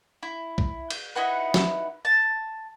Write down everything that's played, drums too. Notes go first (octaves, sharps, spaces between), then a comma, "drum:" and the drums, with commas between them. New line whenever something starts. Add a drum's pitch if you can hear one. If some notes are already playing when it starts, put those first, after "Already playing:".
E4
drum: kick
G6, drum: cymbal
D#4 E4 F#4 B4
drum: snare
A5